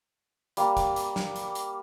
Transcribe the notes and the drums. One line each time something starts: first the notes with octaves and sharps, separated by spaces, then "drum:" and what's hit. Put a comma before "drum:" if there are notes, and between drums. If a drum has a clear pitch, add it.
G3 A#3, drum: hi-hat
drum: kick, hi-hat
drum: hi-hat
drum: snare
drum: hi-hat
drum: hi-hat